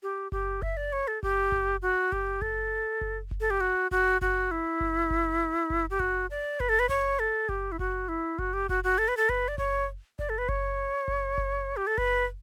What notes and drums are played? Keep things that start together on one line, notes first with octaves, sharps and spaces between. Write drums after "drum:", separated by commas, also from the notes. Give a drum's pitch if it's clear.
G4
G4, drum: kick F#1
E5, drum: kick F#1
D5
C#5
A4
G4, drum: kick F#1
drum: kick F#1
F#4
G4, drum: kick F#1
A4, drum: kick F#1
drum: kick F#1
drum: kick F#1
A4
G4
F#4
F#4, drum: kick F#1
F#4, drum: kick F#1
E4
drum: kick F#1
drum: kick F#1
drum: kick F#1
G4
F#4, drum: kick F#1
D5
B4, drum: kick F#1
A4
B4
C#5, drum: kick F#1
A4
G4, drum: kick F#1
E4
F#4, drum: kick F#1
E4
F#4, drum: kick F#1
G4
F#4, drum: kick F#1
F#4
A4
B4
A4
B4, drum: kick F#1
D5
C#5, drum: kick F#1
D5, drum: kick F#1
A4
B4
C#5, drum: kick F#1
drum: kick F#1
drum: kick F#1
G4
A4
B4, drum: kick F#1